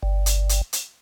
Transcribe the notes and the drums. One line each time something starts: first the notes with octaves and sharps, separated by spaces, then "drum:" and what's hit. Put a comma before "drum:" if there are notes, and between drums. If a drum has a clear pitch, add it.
G1
drum: hi-hat
drum: hi-hat
drum: hi-hat